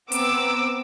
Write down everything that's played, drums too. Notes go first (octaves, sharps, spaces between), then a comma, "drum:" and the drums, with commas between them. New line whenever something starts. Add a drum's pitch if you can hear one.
B3 C4 A#5 D6 E6, drum: hi-hat